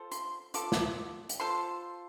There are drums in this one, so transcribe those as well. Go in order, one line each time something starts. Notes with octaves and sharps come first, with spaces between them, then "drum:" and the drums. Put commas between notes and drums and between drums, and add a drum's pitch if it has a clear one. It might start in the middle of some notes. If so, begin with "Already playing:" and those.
Already playing: F4 A4 C5
C6, drum: hi-hat
F4 A4 D6, drum: hi-hat
drum: snare
drum: hi-hat
F4 A4 C5 C6